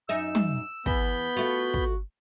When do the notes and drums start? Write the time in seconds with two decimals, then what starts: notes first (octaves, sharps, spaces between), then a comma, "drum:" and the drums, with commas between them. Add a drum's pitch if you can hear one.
0.09 F#2 D#4 E5 E6
0.35 drum: tom
0.86 E2 B3 B5 G6, drum: kick
1.37 A3 F4 F#4
1.74 drum: kick